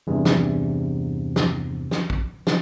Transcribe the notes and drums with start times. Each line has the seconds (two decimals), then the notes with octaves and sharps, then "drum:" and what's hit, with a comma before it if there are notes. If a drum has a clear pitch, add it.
0.07 E2 G2 C3
0.25 drum: snare
1.36 drum: snare
1.91 drum: snare
2.10 drum: kick
2.47 drum: snare